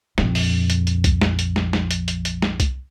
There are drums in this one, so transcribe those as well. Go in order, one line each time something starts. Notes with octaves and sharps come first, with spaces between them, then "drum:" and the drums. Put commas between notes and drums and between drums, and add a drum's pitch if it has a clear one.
A#1 F2, drum: snare
drum: open hi-hat
drum: hi-hat
drum: hi-hat
drum: kick C2, hi-hat
drum: snare
drum: hi-hat
drum: snare
drum: snare
drum: hi-hat
drum: hi-hat
drum: hi-hat
drum: snare
drum: kick C2, hi-hat